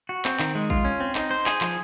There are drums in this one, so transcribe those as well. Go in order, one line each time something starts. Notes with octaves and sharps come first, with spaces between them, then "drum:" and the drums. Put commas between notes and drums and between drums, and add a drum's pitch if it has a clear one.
F#4
C4, drum: clap
D#3, drum: clap
G#3
F4, drum: kick
C#4
C4
D#4, drum: clap
C5
G#4, drum: clap
F3, drum: clap